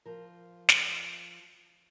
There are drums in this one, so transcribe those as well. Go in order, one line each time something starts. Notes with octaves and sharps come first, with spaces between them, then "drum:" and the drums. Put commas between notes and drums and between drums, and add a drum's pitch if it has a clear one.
F3 A#4
drum: snare